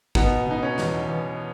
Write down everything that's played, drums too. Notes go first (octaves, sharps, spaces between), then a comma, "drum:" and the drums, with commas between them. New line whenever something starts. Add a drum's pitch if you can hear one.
B2 B3 D#4, drum: kick
B2 D#4
C#4
E2, drum: snare
E2